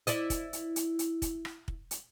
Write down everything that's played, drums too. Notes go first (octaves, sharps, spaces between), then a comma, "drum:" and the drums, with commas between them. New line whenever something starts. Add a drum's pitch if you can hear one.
E4 D5 D#5, drum: hi-hat
drum: kick, hi-hat
drum: hi-hat
drum: hi-hat
drum: hi-hat
drum: kick, hi-hat
drum: rim click
drum: kick
drum: hi-hat